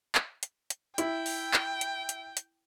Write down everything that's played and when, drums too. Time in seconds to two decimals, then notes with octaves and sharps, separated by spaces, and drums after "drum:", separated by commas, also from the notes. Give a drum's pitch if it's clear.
0.15 drum: clap
0.43 drum: hi-hat
0.70 drum: hi-hat
0.98 E4 G5, drum: hi-hat
1.26 drum: open hi-hat
1.54 drum: clap
1.81 drum: hi-hat
2.09 drum: hi-hat
2.37 drum: hi-hat